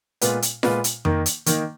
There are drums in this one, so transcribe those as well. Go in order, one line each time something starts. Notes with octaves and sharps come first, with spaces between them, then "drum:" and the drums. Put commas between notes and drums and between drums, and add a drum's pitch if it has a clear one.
A#2 G#3 B3 F4 B4, drum: hi-hat
drum: hi-hat
A#2 G#3 B3 F4 B4, drum: snare F4
drum: hi-hat
D#3 A#3 D#4, drum: tom F2
drum: hi-hat
D#3 A#3 D#4, drum: hi-hat